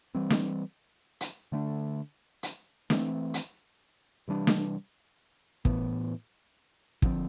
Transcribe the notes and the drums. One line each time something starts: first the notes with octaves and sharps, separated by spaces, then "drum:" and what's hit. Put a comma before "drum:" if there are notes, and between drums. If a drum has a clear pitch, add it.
E3 G3 C4
drum: snare
drum: hi-hat
D3 A3 D4
drum: hi-hat
E3 A3 C4, drum: snare
drum: hi-hat
C3 E3 G3 D4
drum: snare
A2 E3 B3, drum: kick
D3 F3 C4, drum: kick